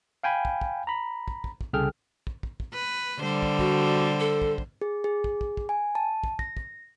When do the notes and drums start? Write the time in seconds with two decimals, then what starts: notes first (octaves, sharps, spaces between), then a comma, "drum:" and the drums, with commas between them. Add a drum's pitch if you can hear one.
0.23 F5 G5 G#5 B5
0.45 drum: kick
0.61 drum: kick
0.87 A#5 B5
1.28 drum: kick
1.44 drum: kick
1.61 drum: kick
1.73 C2 C#3 G#4 A4 G5 F6
2.27 drum: kick
2.43 drum: kick
2.60 drum: kick
2.73 B4
3.19 D3 G3 C5
3.42 drum: kick
3.59 F#4, drum: kick
4.20 A4
4.42 drum: kick
4.58 drum: kick
4.81 G#4
5.04 G#4
5.24 drum: kick
5.41 drum: kick
5.57 drum: kick
5.69 G#5
5.95 A5
6.24 drum: kick
6.39 A#6, drum: kick
6.57 drum: kick